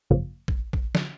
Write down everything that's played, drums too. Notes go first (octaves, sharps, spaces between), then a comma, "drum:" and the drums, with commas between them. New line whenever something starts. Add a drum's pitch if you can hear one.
G#1 F#2 C#3 F3 A#3
drum: kick
drum: kick
D3, drum: snare